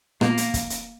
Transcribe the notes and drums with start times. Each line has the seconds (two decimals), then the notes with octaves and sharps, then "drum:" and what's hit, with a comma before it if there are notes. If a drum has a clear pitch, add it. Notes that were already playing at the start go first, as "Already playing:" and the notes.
0.21 A#2 G#3 A#3 B3 F4, drum: rim click
0.37 drum: hi-hat
0.54 drum: kick, hi-hat
0.70 drum: hi-hat